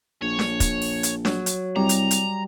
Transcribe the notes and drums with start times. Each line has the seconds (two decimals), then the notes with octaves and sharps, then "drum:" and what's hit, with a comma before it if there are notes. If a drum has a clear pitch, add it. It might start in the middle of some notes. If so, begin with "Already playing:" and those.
0.22 A#1 C#5
0.39 drum: snare D4
0.60 drum: kick, hi-hat
0.82 drum: open hi-hat
1.03 drum: hi-hat
1.25 F#3, drum: snare D4
1.46 drum: hi-hat
1.76 C2 G3 A#5
1.89 drum: hi-hat
2.11 drum: hi-hat